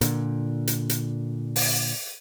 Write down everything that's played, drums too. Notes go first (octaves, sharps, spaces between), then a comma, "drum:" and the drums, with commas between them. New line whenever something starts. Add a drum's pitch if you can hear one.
A#2 D3, drum: hi-hat
drum: hi-hat
drum: hi-hat
drum: open hi-hat